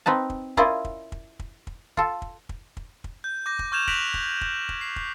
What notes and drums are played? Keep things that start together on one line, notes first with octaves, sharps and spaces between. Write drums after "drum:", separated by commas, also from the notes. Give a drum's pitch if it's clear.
C4 D#4 B4 A5
drum: kick
C#4 E4 F4 A#4 D5 D#5, drum: kick
drum: kick
drum: kick
drum: kick
drum: kick
F4 A4, drum: kick
drum: kick
drum: kick
drum: kick
drum: kick
G6
D6 G6 A#6
drum: kick
C#6 F6 G6 G#6 E7 F7
F#6 A#6 B6 D7 F7 F#7, drum: kick
drum: kick
drum: kick
drum: kick
C7
drum: kick